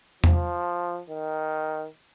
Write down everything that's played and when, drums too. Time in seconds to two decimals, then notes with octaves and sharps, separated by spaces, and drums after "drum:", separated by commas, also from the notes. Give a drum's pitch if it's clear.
0.24 F3, drum: tom E2
1.10 D#3